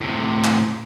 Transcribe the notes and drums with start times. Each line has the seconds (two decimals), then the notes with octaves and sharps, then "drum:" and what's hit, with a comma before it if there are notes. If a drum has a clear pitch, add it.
0.01 A2 C3
0.44 drum: clap